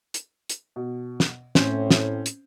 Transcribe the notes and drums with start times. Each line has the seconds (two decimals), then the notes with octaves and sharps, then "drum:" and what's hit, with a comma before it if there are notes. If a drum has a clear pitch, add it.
0.14 drum: hi-hat
0.49 drum: hi-hat
0.76 B2
1.20 drum: snare
1.55 A2 C4 C#4 C5, drum: snare
1.90 drum: snare
2.26 drum: hi-hat